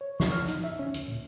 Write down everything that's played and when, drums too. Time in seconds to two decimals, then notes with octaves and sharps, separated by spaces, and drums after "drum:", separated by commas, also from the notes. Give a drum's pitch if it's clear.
0.01 C#5
0.20 C#6, drum: snare
0.32 F6
0.48 D#4, drum: hi-hat
0.64 E5
0.79 C#4
0.94 D2, drum: hi-hat
1.07 A#2